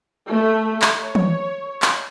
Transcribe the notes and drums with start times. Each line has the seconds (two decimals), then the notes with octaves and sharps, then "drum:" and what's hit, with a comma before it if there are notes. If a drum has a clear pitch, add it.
0.29 A3
0.82 drum: clap
0.98 C#5
1.15 drum: tom
1.82 drum: clap